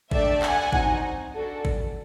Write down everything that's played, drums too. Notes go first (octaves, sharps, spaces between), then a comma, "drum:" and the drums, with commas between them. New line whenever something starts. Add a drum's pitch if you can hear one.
A3 D4 G4 D5 E5, drum: kick A1
F#5 G#5, drum: clap
C4 D#4 F#4, drum: kick A1
D4 F#4 A4
drum: kick A1